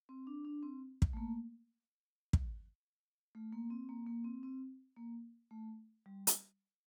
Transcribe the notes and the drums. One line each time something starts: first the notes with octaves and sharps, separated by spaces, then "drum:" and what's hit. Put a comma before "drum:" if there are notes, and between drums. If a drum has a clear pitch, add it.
C4
D4
D4
C4
drum: kick
A3
A#3
drum: kick
A3
A#3
C4
A#3
A#3
C4
C4
A#3
A3
G3
drum: hi-hat